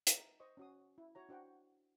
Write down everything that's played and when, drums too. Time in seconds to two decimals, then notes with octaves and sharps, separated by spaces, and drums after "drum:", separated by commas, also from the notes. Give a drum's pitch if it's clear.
0.07 D#4 E5 A#5, drum: hi-hat
0.40 C5 D#5 C#6
0.57 C#4 F#4 D#6
0.98 E4
1.15 F#4 C#5 A#5
1.29 D4 F#4 C5 F#5 G5